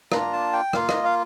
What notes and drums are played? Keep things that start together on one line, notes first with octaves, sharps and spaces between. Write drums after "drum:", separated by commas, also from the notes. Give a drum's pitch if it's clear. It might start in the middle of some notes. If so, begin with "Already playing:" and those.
A#3 D4 F4 A#5, drum: rim click
A5
G5
A#3 F4 F5, drum: rim click
D#5, drum: rim click
F5